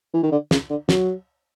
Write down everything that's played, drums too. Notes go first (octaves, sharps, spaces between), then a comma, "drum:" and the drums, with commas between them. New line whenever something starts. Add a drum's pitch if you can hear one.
E3
D#3
D3
C#3, drum: snare
D3
F#3, drum: snare